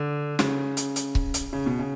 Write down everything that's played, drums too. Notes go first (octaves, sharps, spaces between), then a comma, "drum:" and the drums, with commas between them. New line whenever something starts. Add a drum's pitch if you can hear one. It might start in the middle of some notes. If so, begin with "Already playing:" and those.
Already playing: D3
C#3, drum: snare
drum: hi-hat
drum: hi-hat
drum: kick C#1
drum: hi-hat
C#3
B2
C#3